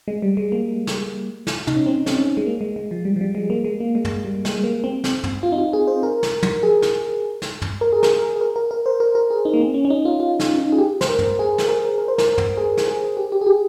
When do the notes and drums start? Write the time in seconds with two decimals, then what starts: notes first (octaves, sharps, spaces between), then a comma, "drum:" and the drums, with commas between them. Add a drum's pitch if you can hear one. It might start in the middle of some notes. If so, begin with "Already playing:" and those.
0.08 G#3
0.22 G3
0.37 G#3
0.52 A#3
0.87 drum: snare
1.47 drum: snare
1.67 D#4, drum: tom
1.76 C#4
1.86 C4
2.06 drum: snare
2.17 C#4
2.37 G#3
2.46 A#3
2.61 G#3
2.76 G#3
2.91 F3
3.05 G3
3.16 F3
3.21 G3
3.35 G#3
3.50 A#3
3.65 G#3
3.80 A#3
3.95 G#3
4.05 drum: tom
4.25 G3
4.45 G#3, drum: snare
4.64 A#3
4.84 C4
5.04 drum: snare
5.24 drum: tom
5.43 F4
5.52 D#4
5.58 F4
5.73 G#4
5.87 C5
6.03 A#4
6.23 drum: snare
6.43 drum: tom
6.63 G#4
6.82 drum: snare
7.42 drum: snare
7.62 drum: tom
7.81 A#4
7.93 G#4
8.03 A#4, drum: snare
8.36 G#4
8.41 A#4
8.56 A#4
8.71 A#4
8.86 C5
9.00 A#4
9.15 A#4
9.30 G#4
9.45 D#4
9.54 A#3
9.61 C4
9.74 C#4
9.85 C#4
9.90 D#4
10.05 F4
10.20 F4
10.40 D#4, drum: snare
10.59 D#4
10.72 G#4
10.78 G4
11.01 C5, drum: snare
11.09 A#4
11.19 drum: tom
11.39 G#4
11.58 drum: snare
11.68 A#4
11.98 A#4
12.08 C5
12.18 A#4, drum: snare
12.38 drum: tom
12.57 G#4
12.77 drum: snare
12.88 G#4
13.17 G4
13.32 G4
13.41 G#4
13.46 G4